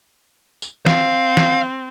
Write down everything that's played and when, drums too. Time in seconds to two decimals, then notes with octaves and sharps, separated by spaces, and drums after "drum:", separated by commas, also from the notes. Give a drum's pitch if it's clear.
0.62 drum: tambourine
0.86 C4 F5, drum: snare
1.37 drum: snare